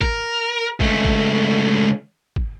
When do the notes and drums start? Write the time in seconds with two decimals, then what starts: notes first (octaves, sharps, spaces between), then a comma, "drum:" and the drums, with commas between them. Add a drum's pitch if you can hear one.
0.01 A#4, drum: kick
0.80 C#2 A3, drum: kick
1.05 drum: kick
2.36 drum: kick